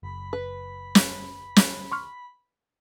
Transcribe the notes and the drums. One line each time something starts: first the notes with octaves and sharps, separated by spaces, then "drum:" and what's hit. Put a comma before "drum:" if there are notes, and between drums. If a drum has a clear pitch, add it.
F#1 B5
B4
drum: snare
drum: snare
C6 C#6 F6